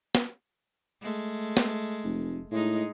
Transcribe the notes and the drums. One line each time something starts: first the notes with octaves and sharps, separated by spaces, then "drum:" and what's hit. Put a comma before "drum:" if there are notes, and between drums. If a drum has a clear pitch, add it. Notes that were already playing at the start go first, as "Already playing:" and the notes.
drum: snare
G#3 A3
drum: snare
F1
A2 G#3 D#4